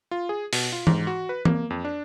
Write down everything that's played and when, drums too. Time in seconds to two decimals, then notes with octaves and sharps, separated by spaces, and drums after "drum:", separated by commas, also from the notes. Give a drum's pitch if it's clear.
0.11 F4
0.29 G#4
0.53 B2, drum: open hi-hat
0.72 F4
0.87 G#2, drum: tom E3
1.07 F#4
1.29 B4
1.45 A#3, drum: tom E3
1.70 F2
1.85 D4